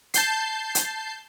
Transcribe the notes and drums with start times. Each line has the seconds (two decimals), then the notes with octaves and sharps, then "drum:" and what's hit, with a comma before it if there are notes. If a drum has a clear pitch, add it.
0.14 A5 G6 C7, drum: hi-hat
0.75 drum: hi-hat